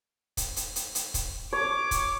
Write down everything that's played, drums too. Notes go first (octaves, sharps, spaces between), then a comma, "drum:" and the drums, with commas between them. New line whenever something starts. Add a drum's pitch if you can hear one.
drum: kick, hi-hat
drum: hi-hat
drum: hi-hat
drum: hi-hat
drum: kick, hi-hat
C#5 D6
drum: kick, hi-hat